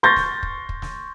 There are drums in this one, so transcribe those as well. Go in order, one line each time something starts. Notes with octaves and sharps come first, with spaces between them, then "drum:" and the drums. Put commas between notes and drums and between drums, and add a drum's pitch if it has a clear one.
C6 C#6 G6 A6 A#6
drum: snare
drum: kick
drum: kick
drum: snare